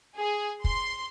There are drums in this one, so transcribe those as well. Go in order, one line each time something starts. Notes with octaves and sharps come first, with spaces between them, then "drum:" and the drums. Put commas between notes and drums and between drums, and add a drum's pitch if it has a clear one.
G#4
C6, drum: kick